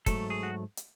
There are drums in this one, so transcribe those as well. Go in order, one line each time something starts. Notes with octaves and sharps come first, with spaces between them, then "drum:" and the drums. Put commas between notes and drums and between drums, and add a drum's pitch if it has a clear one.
G#2 F#3 A3 A4, drum: kick, hi-hat
G#4
F#4
drum: hi-hat